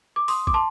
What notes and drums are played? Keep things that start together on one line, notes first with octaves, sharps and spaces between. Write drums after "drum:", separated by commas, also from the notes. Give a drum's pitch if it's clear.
D6
C6 D#6, drum: open hi-hat
D6, drum: kick
A5 C6